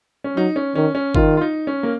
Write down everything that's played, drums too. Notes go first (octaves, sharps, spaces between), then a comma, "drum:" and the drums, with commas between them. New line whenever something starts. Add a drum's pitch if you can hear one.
C#4
F#3 D#4
C#4
D#3 C#4
C#4
D#3 F4, drum: kick
F4
D#4
C#4
A#3